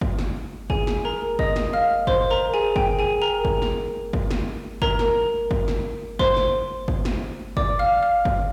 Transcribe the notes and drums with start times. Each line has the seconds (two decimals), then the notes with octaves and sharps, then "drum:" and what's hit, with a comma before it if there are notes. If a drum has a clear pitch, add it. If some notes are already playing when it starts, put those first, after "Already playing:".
0.01 drum: kick
0.19 drum: snare
0.70 G#4 G#5, drum: kick
0.87 drum: snare
1.05 A#4 A#5
1.39 D#5 D#6, drum: kick
1.56 drum: snare
1.73 F5 F6
2.07 C5 C6, drum: kick
2.30 A#4 A#5
2.54 G#4 G#5
2.76 G5, drum: kick
2.99 G#4 G#5
3.22 A#4 A#5
3.45 drum: kick
3.62 drum: snare
4.13 drum: kick
4.31 drum: snare
4.82 A#4 A#5, drum: kick
4.99 drum: snare
5.51 drum: kick
5.68 drum: snare
6.19 C5 C6, drum: kick
6.37 drum: snare
6.88 drum: kick
7.05 drum: snare
7.57 D5 D6, drum: kick
7.79 F5 F6
8.03 F5 F6
8.25 drum: kick